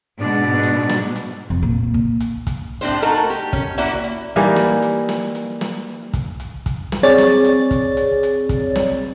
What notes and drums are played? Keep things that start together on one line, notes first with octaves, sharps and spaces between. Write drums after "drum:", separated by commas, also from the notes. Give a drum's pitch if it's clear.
G#2 B2 D4
drum: hi-hat
drum: snare
drum: hi-hat
F2
A#2 A#3
drum: kick
drum: hi-hat
drum: kick, hi-hat
A2 C4 D4 G4 C5
A3 D#4 F#4 A4 A#4
G4
C#4, drum: kick, hi-hat
A#3 C#4 E4 F#4 D5, drum: hi-hat
drum: hi-hat
E3 G3 A#3 D#4
drum: snare
drum: hi-hat
drum: snare
drum: hi-hat
drum: snare
drum: kick, hi-hat
drum: hi-hat
drum: kick, hi-hat
drum: snare
C4 G#4 C#5 D5 A6
drum: snare
drum: hi-hat
drum: kick, hi-hat
drum: hi-hat
drum: hi-hat
drum: kick, hi-hat
drum: snare